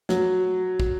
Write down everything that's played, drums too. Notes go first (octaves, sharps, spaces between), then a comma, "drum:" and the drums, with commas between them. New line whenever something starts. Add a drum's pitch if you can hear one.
F#3, drum: snare
drum: kick